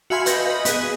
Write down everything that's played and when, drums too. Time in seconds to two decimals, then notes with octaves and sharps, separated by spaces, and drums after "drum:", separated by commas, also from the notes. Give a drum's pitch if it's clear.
0.10 F#4 E5 F5 G#5 B5 C6
0.26 B4 D#5 F5 G6 A#6, drum: hi-hat
0.47 B4 D#5
0.65 B3 G#4, drum: hi-hat